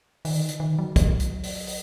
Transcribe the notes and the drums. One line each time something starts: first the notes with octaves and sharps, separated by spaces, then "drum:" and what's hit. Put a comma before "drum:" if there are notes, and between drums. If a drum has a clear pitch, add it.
D#3, drum: open hi-hat
drum: hi-hat
D#3
F#3
drum: kick, hi-hat
drum: hi-hat
drum: open hi-hat
drum: open hi-hat